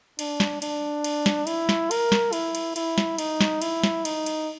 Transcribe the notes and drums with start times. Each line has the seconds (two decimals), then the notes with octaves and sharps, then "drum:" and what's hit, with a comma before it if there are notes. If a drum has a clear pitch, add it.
0.19 D4, drum: cymbal
0.40 drum: snare
0.62 D4, drum: cymbal
1.04 drum: cymbal
1.26 drum: snare
1.47 E4, drum: cymbal
1.69 drum: snare
1.91 A#4, drum: cymbal
2.12 drum: snare
2.33 E4, drum: cymbal
2.55 drum: cymbal
2.76 E4, drum: cymbal
2.98 drum: snare
3.18 D#4, drum: cymbal
3.41 drum: snare
3.62 E4, drum: cymbal
3.83 drum: snare
4.05 D#4, drum: cymbal
4.26 drum: cymbal